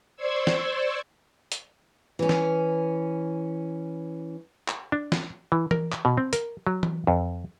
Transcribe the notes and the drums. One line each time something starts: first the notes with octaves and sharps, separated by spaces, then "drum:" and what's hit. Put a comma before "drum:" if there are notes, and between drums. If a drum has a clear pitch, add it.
C5 D5 C6 C#6 E6 G#6
drum: snare
drum: hi-hat
E3 C#4
drum: snare
drum: clap
D4
drum: snare
E3
A#4, drum: tom E3
drum: clap
B2
C4
A#4, drum: hi-hat
F#3
drum: tom E3
F2